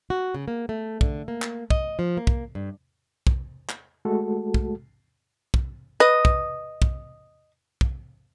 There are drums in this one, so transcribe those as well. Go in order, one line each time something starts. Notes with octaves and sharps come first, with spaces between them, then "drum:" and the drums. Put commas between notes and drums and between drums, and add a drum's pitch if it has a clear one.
F#4
C#3
A#3
A3
D3, drum: kick
A#3
drum: clap
D#5, drum: kick
F3
A#3
drum: kick
G2
drum: kick
drum: clap
G#3 A3 F#4 A4
drum: kick
drum: kick
B4 D#5
drum: kick
drum: kick
drum: kick